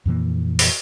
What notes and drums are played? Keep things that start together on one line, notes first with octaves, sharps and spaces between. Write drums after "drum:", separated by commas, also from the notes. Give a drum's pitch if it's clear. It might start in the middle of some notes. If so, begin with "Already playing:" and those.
F2 A#2 E3 A#3
drum: open hi-hat